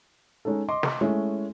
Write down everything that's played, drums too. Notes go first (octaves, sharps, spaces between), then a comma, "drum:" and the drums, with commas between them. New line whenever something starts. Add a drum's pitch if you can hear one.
G#3 C#4 D#4 A4
D#5 C6 D6
drum: snare
G#3 A3 C#4 E4